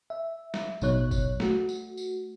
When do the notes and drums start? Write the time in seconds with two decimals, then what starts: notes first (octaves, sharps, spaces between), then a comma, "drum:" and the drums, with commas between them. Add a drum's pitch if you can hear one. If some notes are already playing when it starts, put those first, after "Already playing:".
0.10 E5
0.54 drum: snare
0.81 A1 B2 F#3 D#4 C#5 F#6, drum: tambourine
1.11 drum: kick F#1, tambourine
1.40 A3 F#4, drum: snare
1.69 drum: tambourine
1.97 drum: tambourine